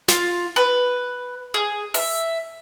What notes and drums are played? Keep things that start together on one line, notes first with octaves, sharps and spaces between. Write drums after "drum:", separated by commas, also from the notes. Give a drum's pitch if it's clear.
F4, drum: snare
B4
G#4
E5, drum: open hi-hat